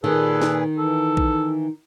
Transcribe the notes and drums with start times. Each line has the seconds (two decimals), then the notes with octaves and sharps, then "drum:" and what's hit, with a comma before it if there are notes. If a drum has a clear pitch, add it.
0.04 A#2 D#3 G#4 A4 B4
0.42 drum: snare
0.78 E3 A4
1.17 drum: kick A#1